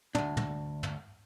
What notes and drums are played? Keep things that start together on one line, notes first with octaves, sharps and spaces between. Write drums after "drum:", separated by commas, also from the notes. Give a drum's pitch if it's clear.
D2 G2 D4, drum: tom
drum: tom
drum: tom